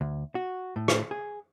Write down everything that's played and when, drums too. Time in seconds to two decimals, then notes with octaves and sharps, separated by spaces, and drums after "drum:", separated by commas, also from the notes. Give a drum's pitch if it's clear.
0.01 D2
0.35 F#4
0.76 A2
0.88 drum: rim click
1.11 G#4